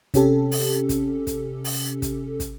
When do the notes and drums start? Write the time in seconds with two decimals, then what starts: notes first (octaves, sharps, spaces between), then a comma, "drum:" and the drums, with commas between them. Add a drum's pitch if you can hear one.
0.14 C3 C#4 G4 A4, drum: kick, hi-hat
0.51 drum: open hi-hat
0.89 drum: kick, hi-hat
1.27 drum: kick, hi-hat
1.64 drum: open hi-hat
2.02 drum: kick, hi-hat
2.40 drum: kick, hi-hat